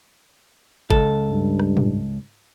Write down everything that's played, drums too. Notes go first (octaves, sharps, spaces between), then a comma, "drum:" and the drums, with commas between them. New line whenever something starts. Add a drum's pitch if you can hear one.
C#2 A4, drum: kick
G2
drum: rim click
drum: tom